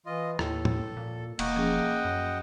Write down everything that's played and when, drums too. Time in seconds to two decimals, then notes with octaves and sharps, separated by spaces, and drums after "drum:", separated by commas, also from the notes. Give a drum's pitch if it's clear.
0.06 E3 F4 D#5
0.39 D#2 A2 A4, drum: rim click
0.65 drum: tom
0.97 A#2
1.39 E1 A#3 D#5 F#5 G5 C#6, drum: cymbal
1.56 F3 C#4 G#4
2.05 F#2